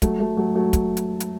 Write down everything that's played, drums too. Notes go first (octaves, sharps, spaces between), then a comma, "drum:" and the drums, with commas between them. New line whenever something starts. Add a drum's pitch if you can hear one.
F#3 A3, drum: kick, hi-hat
F#3 A3
F#3 A3
F#3 A3
drum: kick, hi-hat
drum: hi-hat
drum: hi-hat